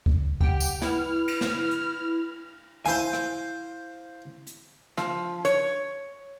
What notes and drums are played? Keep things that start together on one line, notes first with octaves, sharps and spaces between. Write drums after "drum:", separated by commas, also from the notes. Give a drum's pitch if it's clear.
drum: kick C#2
G4 F#5 G5, drum: kick C#2
drum: tambourine
E4 B4 F6, drum: snare
drum: cymbal
drum: snare
drum: hi-hat
E4 C5 F5 G#5
drum: rim click
drum: hi-hat
F3, drum: rim click
C#5, drum: hi-hat